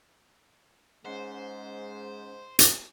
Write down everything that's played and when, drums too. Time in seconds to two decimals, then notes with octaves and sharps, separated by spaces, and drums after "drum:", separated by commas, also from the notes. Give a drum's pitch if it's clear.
1.05 G#2 G#3 C#4 C5 F#5
2.59 drum: hi-hat